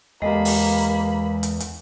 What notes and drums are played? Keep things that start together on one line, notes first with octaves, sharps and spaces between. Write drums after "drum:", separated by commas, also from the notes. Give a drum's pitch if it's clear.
E2 G#3 A#3 G4 A4 D#5 B5
drum: open hi-hat
drum: hi-hat
drum: hi-hat